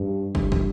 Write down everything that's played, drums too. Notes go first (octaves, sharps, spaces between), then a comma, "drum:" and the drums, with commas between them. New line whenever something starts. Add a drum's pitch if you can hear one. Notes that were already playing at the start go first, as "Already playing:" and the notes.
Already playing: G2
G2, drum: kick
drum: kick